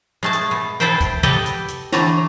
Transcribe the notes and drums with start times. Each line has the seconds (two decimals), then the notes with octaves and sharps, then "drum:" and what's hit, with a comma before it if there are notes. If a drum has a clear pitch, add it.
0.23 G#3 A3 A5
0.33 drum: hi-hat
0.51 B2
0.80 E4 A4 B4 C5 G5
1.01 drum: kick, hi-hat
1.23 G4 A4 B4 D#5 F#5 G5, drum: tom C3
1.46 drum: hi-hat
1.68 drum: hi-hat
1.92 D3 E3 A3 A#5, drum: snare